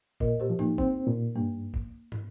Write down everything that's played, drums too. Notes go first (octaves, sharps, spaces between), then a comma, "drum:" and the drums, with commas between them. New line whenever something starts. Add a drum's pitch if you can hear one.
A#2 A#4 D#5, drum: kick
G4 C5
F3
A#3 D#4, drum: tom A2
C4, drum: kick
A#2
G2 A#3
drum: kick
drum: tom